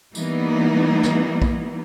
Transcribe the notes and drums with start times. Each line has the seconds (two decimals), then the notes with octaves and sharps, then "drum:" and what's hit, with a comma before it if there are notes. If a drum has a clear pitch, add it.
0.15 E3 G3 A#3 B3 D#4 E4, drum: tambourine
1.03 drum: snare
1.42 drum: kick A#1